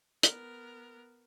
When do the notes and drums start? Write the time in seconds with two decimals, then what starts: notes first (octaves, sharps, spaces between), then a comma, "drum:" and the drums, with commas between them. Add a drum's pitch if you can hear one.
0.23 B3 A#4, drum: hi-hat